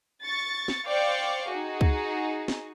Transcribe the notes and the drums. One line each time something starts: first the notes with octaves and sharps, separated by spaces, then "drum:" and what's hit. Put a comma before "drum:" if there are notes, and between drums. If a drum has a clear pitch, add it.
C#6 A6
drum: snare
C5 D5 F5 G5 C#6 D6
D#4 F#4 G#4
drum: kick
drum: snare